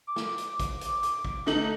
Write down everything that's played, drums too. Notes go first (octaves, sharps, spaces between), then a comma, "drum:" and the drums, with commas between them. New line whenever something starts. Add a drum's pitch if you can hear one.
D6
drum: snare
drum: hi-hat
drum: kick, hi-hat
drum: hi-hat
drum: hi-hat
drum: kick
D3 A3 D#4 F#7, drum: snare